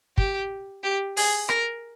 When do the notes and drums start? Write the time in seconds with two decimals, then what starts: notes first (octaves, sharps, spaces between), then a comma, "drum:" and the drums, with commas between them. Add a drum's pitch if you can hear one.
0.18 G4, drum: kick
0.83 G4
1.17 G#4, drum: open hi-hat
1.49 A#4, drum: rim click